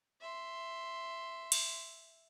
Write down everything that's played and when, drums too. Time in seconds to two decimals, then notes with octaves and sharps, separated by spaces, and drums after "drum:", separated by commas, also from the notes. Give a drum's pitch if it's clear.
0.21 E5 C6
1.52 drum: cymbal